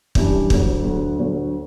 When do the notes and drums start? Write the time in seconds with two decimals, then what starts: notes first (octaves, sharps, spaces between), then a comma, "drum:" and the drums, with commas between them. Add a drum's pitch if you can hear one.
0.15 F#2 E3 G3 D4, drum: kick
0.50 D2 D3 F#3, drum: kick
0.84 D2 D3 F#3
1.19 D2 D3 F#3